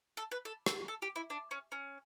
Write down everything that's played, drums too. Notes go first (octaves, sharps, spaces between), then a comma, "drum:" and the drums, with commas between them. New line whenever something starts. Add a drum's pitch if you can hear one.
A4
B4
A4
A4, drum: rim click
A4
G4
E4
D4
C#4
C#4